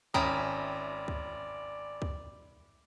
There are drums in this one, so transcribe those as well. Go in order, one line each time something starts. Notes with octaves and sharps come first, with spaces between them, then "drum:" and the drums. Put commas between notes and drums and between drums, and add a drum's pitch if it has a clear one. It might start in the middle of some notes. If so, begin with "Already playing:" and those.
G#1 C#4 E4 D5 G5 A#5 D#6, drum: kick C#2
drum: kick C#2
drum: kick C#2